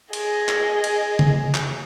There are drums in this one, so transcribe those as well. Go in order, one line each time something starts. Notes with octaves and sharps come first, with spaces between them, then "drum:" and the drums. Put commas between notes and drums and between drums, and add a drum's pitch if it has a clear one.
G#4 D#5, drum: cymbal
drum: clap
drum: cymbal
drum: tom
drum: clap